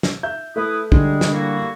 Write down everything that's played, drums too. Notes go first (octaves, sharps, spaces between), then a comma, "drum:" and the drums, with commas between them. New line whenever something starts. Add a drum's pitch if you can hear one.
drum: snare
E5 G6
A3 E4 B4 D#6
D3 G3 G#3, drum: kick
drum: snare
A#3 E4 F#4